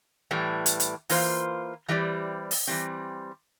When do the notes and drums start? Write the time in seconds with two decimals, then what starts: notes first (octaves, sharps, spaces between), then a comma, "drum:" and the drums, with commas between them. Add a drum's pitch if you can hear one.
0.31 A2 E3 G3
0.66 drum: hi-hat
0.80 drum: hi-hat
1.09 E3 A#3 F4 C5, drum: open hi-hat
1.89 E3 G3 C4 G4 D5
2.51 drum: open hi-hat
2.67 E3 G3 C4